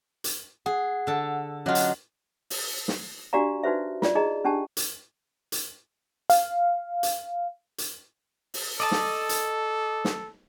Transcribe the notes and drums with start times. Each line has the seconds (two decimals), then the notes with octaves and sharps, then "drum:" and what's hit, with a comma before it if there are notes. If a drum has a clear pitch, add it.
0.24 drum: hi-hat
0.66 G#4 F#5
1.07 D3 A4
1.66 F#3 C#4 F4 D#5 F#5
1.75 drum: hi-hat
2.50 drum: open hi-hat
2.88 drum: snare
3.33 D4 F#4 G4 D5 F5 A#5
3.63 D#4 F#4 B4 C5 E5
4.02 F4 D5, drum: snare
4.15 D#4 G#4 D#5 A#5
4.45 C#4 D4 G4 A5
4.77 drum: hi-hat
5.52 drum: hi-hat
6.30 F5, drum: hi-hat
7.03 drum: hi-hat
7.78 drum: hi-hat
8.54 drum: open hi-hat
8.80 A4 D5 D#5 A5
8.91 drum: snare
9.29 drum: hi-hat
10.05 drum: snare